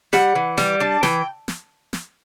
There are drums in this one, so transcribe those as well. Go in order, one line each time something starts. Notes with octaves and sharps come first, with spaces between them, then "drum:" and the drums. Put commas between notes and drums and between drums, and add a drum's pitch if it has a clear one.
G3 F#5, drum: snare
E3
G3, drum: snare
D4 A5
E3 G5, drum: snare
drum: snare
drum: snare